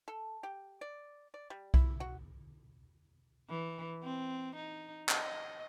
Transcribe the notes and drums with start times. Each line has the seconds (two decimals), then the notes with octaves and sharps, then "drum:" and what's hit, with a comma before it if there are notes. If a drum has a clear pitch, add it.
0.08 A4
0.43 G4
0.81 D5
1.34 D5
1.50 G3
1.74 E4, drum: kick B1
2.00 F#4
3.50 E3
4.03 C4
4.56 D#4
5.09 D#5, drum: clap